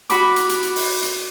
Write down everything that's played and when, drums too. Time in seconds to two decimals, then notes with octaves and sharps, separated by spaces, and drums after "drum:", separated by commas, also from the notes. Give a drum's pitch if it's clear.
0.10 F#4 B5 D6, drum: hi-hat
0.36 drum: hi-hat
0.49 drum: hi-hat
0.63 drum: hi-hat
0.76 drum: open hi-hat
1.02 drum: hi-hat